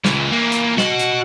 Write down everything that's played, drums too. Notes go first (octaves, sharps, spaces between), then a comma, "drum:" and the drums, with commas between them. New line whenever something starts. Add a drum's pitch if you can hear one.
C#2 A#2 E3, drum: snare
A#3
drum: hi-hat
F#4 D#5 F#5, drum: snare
drum: hi-hat